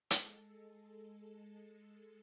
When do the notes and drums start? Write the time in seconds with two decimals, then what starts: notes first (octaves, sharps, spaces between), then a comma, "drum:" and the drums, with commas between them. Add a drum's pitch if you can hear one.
0.11 G#3 A4, drum: hi-hat